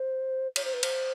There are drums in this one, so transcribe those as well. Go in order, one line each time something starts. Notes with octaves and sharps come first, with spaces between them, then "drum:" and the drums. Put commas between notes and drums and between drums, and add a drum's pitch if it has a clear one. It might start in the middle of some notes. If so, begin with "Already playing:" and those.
Already playing: C5
C#5, drum: cymbal
C5
B4
C5, drum: cymbal